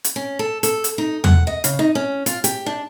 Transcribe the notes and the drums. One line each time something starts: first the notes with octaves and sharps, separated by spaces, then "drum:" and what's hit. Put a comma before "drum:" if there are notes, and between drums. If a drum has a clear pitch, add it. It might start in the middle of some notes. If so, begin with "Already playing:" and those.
drum: hi-hat
C#4
A4
A4, drum: hi-hat
drum: hi-hat
D#4
F#5, drum: tom E2
D#5
C#3, drum: hi-hat
D#4
C#4
F4, drum: hi-hat
G4, drum: hi-hat
D4